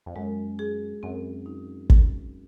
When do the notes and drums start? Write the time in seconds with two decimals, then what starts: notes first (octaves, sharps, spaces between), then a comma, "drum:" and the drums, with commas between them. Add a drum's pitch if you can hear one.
0.06 F2
0.16 F#2 G#3
0.59 G#4
1.03 F#2 C4
1.46 D#4
1.90 drum: kick